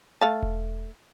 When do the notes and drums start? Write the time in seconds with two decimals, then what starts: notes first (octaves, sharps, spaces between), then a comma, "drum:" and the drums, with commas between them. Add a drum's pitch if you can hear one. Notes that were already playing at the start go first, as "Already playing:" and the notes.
0.21 A3 F5 A5
0.43 drum: kick E1